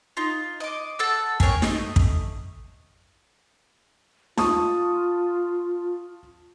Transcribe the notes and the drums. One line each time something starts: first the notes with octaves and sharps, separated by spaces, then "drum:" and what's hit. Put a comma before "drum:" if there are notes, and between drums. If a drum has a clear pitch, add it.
D#4 F4
D#5 D6
A4 F#5 E6
G#4 A#4 C#5 G5, drum: kick
A3 C4 D#5, drum: snare D#4
drum: kick
F4 A5 C#6 D#6, drum: snare D#4